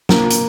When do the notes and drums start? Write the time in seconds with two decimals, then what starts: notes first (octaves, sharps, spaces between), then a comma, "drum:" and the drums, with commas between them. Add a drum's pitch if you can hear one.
0.09 A#3, drum: snare
0.30 drum: hi-hat